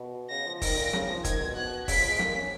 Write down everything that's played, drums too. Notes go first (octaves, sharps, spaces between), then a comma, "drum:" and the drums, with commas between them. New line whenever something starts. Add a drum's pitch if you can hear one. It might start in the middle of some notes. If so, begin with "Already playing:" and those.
Already playing: B2
C#3 A#6
F3
D#3 A#6, drum: kick, open hi-hat
A#2
C#3, drum: snare
F3
D#3 G#6, drum: kick, hi-hat
B2
B2 F#6
C#3 B6, drum: kick, open hi-hat
F3
G#3
A#3, drum: snare
C#4